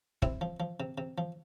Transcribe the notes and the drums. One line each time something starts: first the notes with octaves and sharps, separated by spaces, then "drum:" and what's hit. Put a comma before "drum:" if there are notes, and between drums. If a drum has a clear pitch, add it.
C3 C4 E4, drum: kick
F3
F3
C3
C3
F3